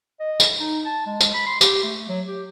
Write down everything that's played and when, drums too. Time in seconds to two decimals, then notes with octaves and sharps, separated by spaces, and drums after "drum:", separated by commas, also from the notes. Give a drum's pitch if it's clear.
0.20 D#5
0.40 drum: tambourine
0.60 D#4
0.85 A5
1.06 G#3
1.20 drum: tambourine
1.34 B5
1.46 C6
1.61 G4, drum: tambourine
1.84 A3
2.09 F#3
2.27 G4